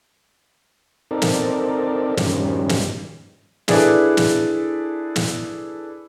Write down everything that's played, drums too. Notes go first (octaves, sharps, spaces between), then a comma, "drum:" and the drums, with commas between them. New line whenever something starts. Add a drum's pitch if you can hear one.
C4 D#4 A4 A#4 D5
drum: snare
G2 D#3 F3 G3 C#4, drum: snare
drum: snare
D4 E4 G#4 A4 B4 D5, drum: snare
drum: snare
drum: snare